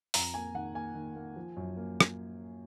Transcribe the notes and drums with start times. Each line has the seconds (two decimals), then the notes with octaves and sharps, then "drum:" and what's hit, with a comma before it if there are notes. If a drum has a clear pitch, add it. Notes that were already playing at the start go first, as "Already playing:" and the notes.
0.14 F2 A#5, drum: open hi-hat
0.34 A#3 G#5
0.54 D#3 F#5
0.75 A#3 G#5
0.95 D#3
1.16 A#3
1.36 F3
1.57 F#2
1.77 A#3
2.00 drum: rim click